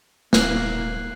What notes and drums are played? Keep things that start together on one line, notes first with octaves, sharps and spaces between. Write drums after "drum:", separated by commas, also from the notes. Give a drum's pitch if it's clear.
D#1 A#3 F#6 C7 F#7, drum: snare